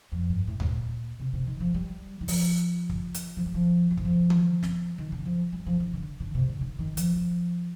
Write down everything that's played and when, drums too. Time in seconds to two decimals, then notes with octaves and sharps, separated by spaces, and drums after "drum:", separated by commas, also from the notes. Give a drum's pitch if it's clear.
0.12 F2
0.29 G2
0.47 A2
0.60 A2, drum: tom D2
0.65 A#2
1.20 C3
1.33 C3
1.47 D#3
1.60 F3
1.74 G3
2.21 D#3
2.28 F3, drum: open hi-hat
2.90 drum: kick
3.14 drum: hi-hat
3.37 F3
3.46 G3
3.54 F3
3.90 F3
3.97 D#3, drum: kick
4.05 F3
4.30 drum: tom D#3
4.63 drum: snare
4.98 D#3
5.12 D3
5.25 F3
5.52 G3
5.66 F3
5.80 D#3
5.93 D3
6.20 D3
6.34 C3
6.48 D3
6.61 D#3
6.79 D#3
6.97 F3, drum: hi-hat
7.15 F3